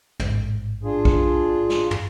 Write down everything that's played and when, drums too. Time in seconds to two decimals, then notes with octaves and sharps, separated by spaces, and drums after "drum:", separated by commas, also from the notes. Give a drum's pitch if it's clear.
0.20 A1 G#2, drum: tom
0.84 D4 F4 G#4
1.05 drum: kick A#1
1.70 drum: snare
1.91 drum: tom